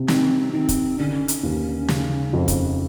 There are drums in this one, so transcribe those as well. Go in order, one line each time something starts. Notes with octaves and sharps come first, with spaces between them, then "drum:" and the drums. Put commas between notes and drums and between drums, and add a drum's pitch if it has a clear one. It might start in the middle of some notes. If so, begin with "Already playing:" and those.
Already playing: C3
D#3 C4, drum: snare
D#3 C4
drum: kick, hi-hat
D3 C#4
drum: hi-hat
D#2
C#3, drum: snare
F2
drum: kick, hi-hat